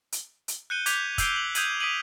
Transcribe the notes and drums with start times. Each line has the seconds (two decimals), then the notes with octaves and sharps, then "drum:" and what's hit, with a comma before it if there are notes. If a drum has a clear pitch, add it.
0.12 drum: hi-hat
0.48 drum: hi-hat
0.70 F#6 G6 C#7 D#7 G7
0.86 D6 G6 G#6 B6 F7, drum: hi-hat
1.18 E6 G6 C7 D7 G7, drum: kick, hi-hat
1.36 F#7
1.55 D#6 G6 G#6 D#7 F#7, drum: hi-hat
1.80 D#6 B6 D7 D#7 F#7